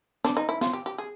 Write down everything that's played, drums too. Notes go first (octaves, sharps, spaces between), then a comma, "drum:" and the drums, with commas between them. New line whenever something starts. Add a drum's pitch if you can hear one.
D4, drum: snare
D#4
E4
F4, drum: snare
G4
G4
G#4